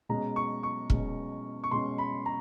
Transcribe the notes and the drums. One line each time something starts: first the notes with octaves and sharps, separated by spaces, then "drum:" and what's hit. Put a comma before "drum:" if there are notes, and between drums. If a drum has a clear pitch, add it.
B2 G#3 C#4 A#5
C#6
C#6
B2 G#3 C#4, drum: kick
C#6
B2 G#3 C#4 C6
B5
A#5